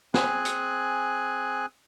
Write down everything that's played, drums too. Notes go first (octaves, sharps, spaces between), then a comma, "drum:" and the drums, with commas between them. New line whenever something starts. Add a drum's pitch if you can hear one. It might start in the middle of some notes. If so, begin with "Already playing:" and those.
C4 G#4 G#5 F#6, drum: snare
drum: hi-hat